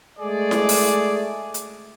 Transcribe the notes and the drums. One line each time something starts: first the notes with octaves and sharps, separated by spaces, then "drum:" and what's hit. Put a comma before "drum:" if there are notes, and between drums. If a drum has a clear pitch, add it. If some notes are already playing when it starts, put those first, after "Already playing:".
G#3 A3 G#4 D5
drum: snare E4
drum: open hi-hat
drum: hi-hat